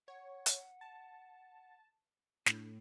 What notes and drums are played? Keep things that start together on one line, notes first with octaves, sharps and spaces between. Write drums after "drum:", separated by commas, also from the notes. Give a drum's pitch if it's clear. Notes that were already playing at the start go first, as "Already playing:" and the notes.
C#5 F#5
drum: hi-hat
A5
A2 D4, drum: snare